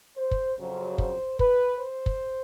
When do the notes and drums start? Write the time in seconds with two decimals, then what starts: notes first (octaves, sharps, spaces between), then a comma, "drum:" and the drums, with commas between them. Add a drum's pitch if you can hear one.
0.18 C5
0.31 drum: kick
0.58 F2 C#3 F#3 C5
0.98 C5, drum: kick
1.39 B4, drum: kick
1.79 C5
2.06 drum: kick